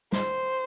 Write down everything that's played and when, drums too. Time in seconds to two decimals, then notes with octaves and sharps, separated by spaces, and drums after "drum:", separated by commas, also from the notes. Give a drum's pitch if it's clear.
0.12 C5, drum: snare